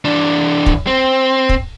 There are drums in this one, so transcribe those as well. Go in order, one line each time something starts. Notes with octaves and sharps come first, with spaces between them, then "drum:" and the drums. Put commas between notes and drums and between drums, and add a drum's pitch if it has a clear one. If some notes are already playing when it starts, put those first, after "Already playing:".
E3 D4
drum: kick
C4
drum: kick